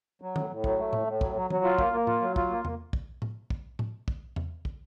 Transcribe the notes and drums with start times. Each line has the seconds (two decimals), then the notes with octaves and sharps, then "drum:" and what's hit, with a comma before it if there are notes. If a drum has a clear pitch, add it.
0.22 F#3
0.36 A2, drum: tom
0.50 A2
0.64 F#3, drum: kick
0.78 A3
0.93 A2, drum: tom A2
1.07 A2
1.21 F#3, drum: kick
1.36 F#3
1.50 F#3, drum: tom
1.64 F4
1.78 A#3, drum: kick
1.93 A#3
2.07 F4, drum: tom A2
2.21 F#3
2.36 F4, drum: kick
2.50 A#3
2.65 A#3, drum: tom E2
2.93 drum: kick
3.22 drum: tom A2
3.50 drum: kick
3.79 drum: tom A2
4.08 drum: kick
4.36 drum: tom E2
4.65 drum: kick